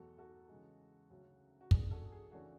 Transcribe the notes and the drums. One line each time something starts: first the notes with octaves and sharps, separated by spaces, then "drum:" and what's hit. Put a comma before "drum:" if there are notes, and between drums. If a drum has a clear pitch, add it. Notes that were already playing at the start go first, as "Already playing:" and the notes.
Already playing: E2 B2 F#3 A3 F#4 A4
F#4 A4
C#3 E3 G#3
D2 C#3 F#3 C#4
F#4
F#2 E3 B3 D4 G#4, drum: kick
F#4 A4
G#4
C#3 E3 A3 D4 F#4